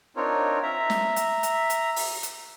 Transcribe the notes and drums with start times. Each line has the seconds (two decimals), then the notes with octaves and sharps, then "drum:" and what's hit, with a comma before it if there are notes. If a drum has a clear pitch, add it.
0.16 C4 D4 D#4 F4 A#4 C#5
0.63 E5 A#5
0.90 drum: snare
1.16 drum: hi-hat
1.43 drum: hi-hat
1.70 drum: hi-hat
1.96 drum: open hi-hat
2.23 drum: hi-hat